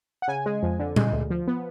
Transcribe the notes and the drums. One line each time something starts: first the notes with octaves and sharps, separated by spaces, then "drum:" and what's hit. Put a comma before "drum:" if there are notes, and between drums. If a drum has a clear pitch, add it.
F#5
C#3 G#5
G#3
F2
D3
G#3, drum: tom A#2
D2
F3
B3